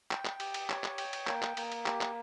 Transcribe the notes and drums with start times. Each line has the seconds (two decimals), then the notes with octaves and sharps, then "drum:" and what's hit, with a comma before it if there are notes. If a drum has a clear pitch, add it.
0.11 G5, drum: clap
0.25 drum: clap
0.40 G4, drum: cymbal
0.54 drum: cymbal
0.70 C#5, drum: clap
0.84 drum: clap
0.98 G5, drum: cymbal
1.13 drum: cymbal
1.27 A#3, drum: clap
1.42 drum: clap
1.57 A#3, drum: cymbal
1.72 drum: cymbal
1.86 G4, drum: clap
2.01 drum: clap